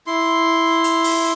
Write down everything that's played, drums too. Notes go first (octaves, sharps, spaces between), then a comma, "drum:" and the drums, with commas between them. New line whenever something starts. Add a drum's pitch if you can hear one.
E4 C6
drum: hi-hat
drum: open hi-hat